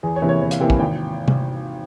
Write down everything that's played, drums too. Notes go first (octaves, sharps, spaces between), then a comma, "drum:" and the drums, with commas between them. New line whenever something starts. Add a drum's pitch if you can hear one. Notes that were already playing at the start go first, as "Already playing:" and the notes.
E2 G#4
C#5
C3 E3 A#3 E4
C#5
E2 C#5
F5, drum: hi-hat
C3 E3 A#3 E4 G5
G#5, drum: kick
G#1 G5
drum: tom C3